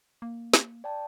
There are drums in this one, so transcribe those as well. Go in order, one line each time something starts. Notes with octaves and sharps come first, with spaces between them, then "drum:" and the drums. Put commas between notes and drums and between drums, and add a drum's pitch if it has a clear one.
A#3
drum: snare
D5 G5 A5